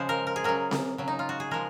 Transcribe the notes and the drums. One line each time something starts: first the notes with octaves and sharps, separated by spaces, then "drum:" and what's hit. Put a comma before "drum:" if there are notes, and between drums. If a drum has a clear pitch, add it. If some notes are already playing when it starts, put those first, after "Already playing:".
Already playing: C#3 F3 G#3 C5
A#4
A#4
G#4
C#3 F#3 A#4
drum: snare C4
C#3 F#3
D#4
F4
F#4
G#4
F3 G#3 A#4